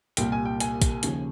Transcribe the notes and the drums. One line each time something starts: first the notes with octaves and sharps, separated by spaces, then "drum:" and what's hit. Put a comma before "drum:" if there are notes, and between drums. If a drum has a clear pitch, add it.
C2 A#2 G3 A#3 G5, drum: hi-hat
G#5
G5
G#5, drum: hi-hat
drum: kick, hi-hat
D#2 C#3 F3, drum: hi-hat